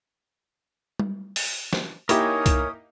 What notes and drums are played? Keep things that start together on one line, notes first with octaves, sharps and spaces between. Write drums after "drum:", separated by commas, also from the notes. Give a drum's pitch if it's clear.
drum: tom G3
drum: open hi-hat
drum: snare
A#3 D#4 E4 G4 A#4 C#5 G#5 D#6, drum: hi-hat
drum: kick C2, hi-hat